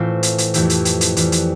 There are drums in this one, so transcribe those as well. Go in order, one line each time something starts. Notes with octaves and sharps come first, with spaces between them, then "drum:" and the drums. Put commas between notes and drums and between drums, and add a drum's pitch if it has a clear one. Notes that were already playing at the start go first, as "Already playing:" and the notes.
Already playing: A2 E3 A3 C4 F4
drum: hi-hat
drum: hi-hat
F2 E3 A3 E4 G4, drum: hi-hat
drum: hi-hat
drum: hi-hat
drum: hi-hat
F2 E3 G3, drum: hi-hat
drum: hi-hat